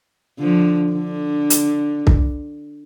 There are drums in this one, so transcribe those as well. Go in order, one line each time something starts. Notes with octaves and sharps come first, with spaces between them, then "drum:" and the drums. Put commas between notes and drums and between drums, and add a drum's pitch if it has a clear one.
D3 F3
D3
drum: hi-hat
drum: kick C2